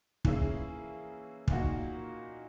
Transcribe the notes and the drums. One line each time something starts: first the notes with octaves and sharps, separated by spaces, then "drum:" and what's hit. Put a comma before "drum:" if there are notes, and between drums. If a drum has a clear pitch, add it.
E3 A#3 C#4 E4 G#4, drum: kick
A#2 A#3 D#4 F#4, drum: kick